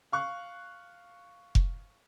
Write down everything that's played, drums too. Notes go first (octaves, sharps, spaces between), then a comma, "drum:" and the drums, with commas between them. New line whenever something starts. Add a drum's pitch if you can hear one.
F5 C#6 F#6
drum: kick F1